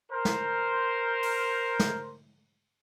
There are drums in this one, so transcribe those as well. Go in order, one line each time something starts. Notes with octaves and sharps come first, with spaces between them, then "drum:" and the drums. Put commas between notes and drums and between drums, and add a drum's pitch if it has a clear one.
A#4 C5
drum: snare
drum: open hi-hat
drum: snare